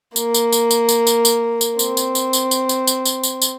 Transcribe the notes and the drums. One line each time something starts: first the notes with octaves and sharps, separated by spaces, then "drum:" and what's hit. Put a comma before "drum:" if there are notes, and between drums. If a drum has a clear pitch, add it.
A#3, drum: tambourine
drum: tambourine
drum: tambourine
drum: tambourine
drum: tambourine
drum: tambourine
drum: tambourine
drum: tambourine
C4, drum: tambourine
drum: tambourine
drum: tambourine
drum: tambourine
drum: tambourine
drum: tambourine
drum: tambourine
drum: tambourine
drum: tambourine
drum: tambourine